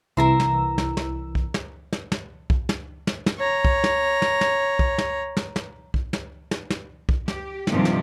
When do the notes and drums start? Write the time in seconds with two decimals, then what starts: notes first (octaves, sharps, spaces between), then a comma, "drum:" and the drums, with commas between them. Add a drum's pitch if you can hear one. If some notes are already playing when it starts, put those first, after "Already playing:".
0.17 C2 E3 A#4 A#5 C6 E6
0.40 drum: snare
0.78 drum: snare
0.97 drum: snare
1.35 drum: kick B1
1.54 drum: snare
1.93 drum: snare
2.12 drum: snare
2.50 drum: kick B1
2.69 drum: snare
3.07 drum: snare
3.26 drum: snare
3.37 C#5 A#5
3.65 drum: kick B1
3.84 drum: snare
4.22 drum: snare
4.41 drum: snare
4.79 drum: kick B1
4.98 drum: snare
5.37 drum: snare
5.56 drum: snare
5.94 drum: kick B1
6.13 drum: snare
6.51 drum: snare
6.70 drum: snare
7.09 drum: kick B1
7.28 G4, drum: snare
7.67 G2 C3 D#3 F3 G4, drum: snare
7.85 drum: snare